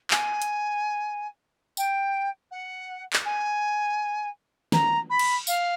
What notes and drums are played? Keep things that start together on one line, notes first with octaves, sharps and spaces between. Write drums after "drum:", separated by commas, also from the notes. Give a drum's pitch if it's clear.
G#5, drum: clap
drum: hi-hat
G5, drum: tambourine
F#5
drum: clap
G#5
A#5, drum: snare
B5
drum: cymbal
F5, drum: tambourine